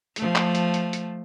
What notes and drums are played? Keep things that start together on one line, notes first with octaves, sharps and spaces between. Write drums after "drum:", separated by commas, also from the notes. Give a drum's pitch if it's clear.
F3 A3, drum: hi-hat
drum: clap
drum: hi-hat
drum: hi-hat
drum: hi-hat